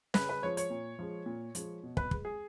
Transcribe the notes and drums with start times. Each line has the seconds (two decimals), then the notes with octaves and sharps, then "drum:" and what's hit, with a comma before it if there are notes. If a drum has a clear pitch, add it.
0.14 C#3 B4, drum: snare
0.29 B4
0.42 F3 G#3 C#5
0.57 C#5, drum: hi-hat
0.70 A#2
0.99 F3 G#3
1.26 A#2
1.55 F3 G#3, drum: hi-hat
1.83 B2
1.97 B4, drum: kick
2.11 G#3, drum: kick
2.25 G#4